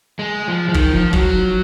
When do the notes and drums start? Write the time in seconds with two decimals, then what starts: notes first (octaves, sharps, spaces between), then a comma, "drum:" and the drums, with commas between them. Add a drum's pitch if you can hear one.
0.19 G#3
0.48 F3
0.69 F3
0.74 D#3, drum: kick
0.94 F3
1.13 F#3, drum: kick